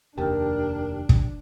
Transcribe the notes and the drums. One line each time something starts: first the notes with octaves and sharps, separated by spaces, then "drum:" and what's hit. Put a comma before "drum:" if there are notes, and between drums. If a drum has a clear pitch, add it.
F1 D#2 D4 G4 A#4 G5 A5
drum: kick